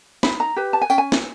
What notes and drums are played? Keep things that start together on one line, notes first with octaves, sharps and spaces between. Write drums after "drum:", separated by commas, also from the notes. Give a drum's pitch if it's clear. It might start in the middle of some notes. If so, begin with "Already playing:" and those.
D#4 B5, drum: snare
A#5
G4 B4
A5
G#5
C#4 G5, drum: tambourine
G#5
drum: snare